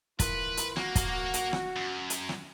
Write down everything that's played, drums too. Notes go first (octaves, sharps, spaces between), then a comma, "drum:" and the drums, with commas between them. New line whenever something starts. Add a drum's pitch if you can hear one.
E3 F4 A#4 B4, drum: kick, hi-hat
drum: hi-hat
A#3 F#4, drum: rim click
drum: kick, hi-hat
drum: hi-hat
drum: rim click
F#2
drum: hi-hat
drum: rim click